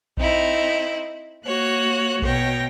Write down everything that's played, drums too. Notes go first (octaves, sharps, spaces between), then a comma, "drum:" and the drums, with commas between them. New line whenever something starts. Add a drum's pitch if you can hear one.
C4 D#4 E4, drum: kick A#1
A#3 F#4 C#5 F#6
B2 C#5 G5 A#6, drum: kick A#1